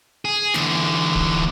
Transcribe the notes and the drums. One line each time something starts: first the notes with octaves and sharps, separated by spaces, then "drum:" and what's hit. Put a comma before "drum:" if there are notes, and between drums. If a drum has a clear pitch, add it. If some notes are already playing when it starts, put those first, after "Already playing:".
G#4
E2 D3, drum: snare
drum: kick D1